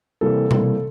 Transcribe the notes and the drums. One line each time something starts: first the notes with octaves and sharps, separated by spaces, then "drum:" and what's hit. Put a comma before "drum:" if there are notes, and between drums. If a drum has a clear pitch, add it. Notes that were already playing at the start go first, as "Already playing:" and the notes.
C3 E3 G3 A#3 A4
C3 E3 G3 A#3, drum: tom B2